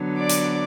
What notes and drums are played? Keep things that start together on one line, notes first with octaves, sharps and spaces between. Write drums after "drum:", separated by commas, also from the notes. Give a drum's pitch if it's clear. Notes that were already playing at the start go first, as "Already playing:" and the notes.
Already playing: D3 F#3 B3
D5 D6
drum: hi-hat